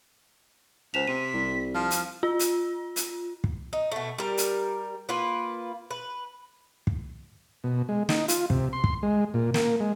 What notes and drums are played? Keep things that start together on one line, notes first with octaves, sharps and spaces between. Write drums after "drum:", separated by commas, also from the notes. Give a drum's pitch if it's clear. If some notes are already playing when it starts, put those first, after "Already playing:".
C#2 C5 B6 E7 F7
C3 D#7
C2
F3 F6
drum: hi-hat
F4
drum: hi-hat
drum: hi-hat
drum: kick
D#4
B2 A3
G3 A#4
drum: hi-hat
A#3 F4 B4
B4
drum: kick
B2
G#3
D#4, drum: snare
F4, drum: hi-hat
C3, drum: kick
C6
drum: kick
G#3
A#2
A#3, drum: snare
G#3